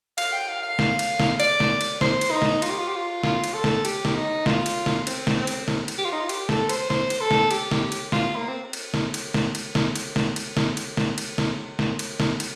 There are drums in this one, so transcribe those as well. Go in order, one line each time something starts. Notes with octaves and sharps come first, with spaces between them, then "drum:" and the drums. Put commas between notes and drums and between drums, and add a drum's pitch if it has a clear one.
F5, drum: cymbal
G5
F5
F5
drum: snare
drum: cymbal
drum: snare
D5, drum: cymbal
drum: snare
drum: cymbal
C5, drum: snare
drum: cymbal
D#4
drum: snare
F4, drum: cymbal
G4
F4
G4
F4
F4, drum: snare
drum: cymbal
A4
drum: snare
G4, drum: cymbal
drum: snare
D#4
F4, drum: snare
drum: cymbal
drum: snare
C4, drum: cymbal
drum: snare
C4
drum: cymbal
drum: snare
drum: cymbal
G4
F4
D#4
F4
G4, drum: cymbal
A4, drum: snare
C5, drum: cymbal
C5, drum: snare
drum: cymbal
A4
drum: snare
G4, drum: cymbal
drum: snare
drum: cymbal
F4, drum: snare
A#3
C4
drum: cymbal
drum: snare
drum: cymbal
drum: snare
drum: cymbal
drum: snare
drum: cymbal
drum: snare
drum: cymbal
drum: snare
drum: cymbal
drum: snare
drum: cymbal
drum: snare
drum: snare
drum: cymbal
drum: snare
drum: cymbal